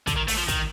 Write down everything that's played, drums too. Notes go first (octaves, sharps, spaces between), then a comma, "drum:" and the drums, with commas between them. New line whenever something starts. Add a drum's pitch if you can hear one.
D3, drum: kick, hi-hat
D#3
A3, drum: open hi-hat
F3
D#3, drum: kick, hi-hat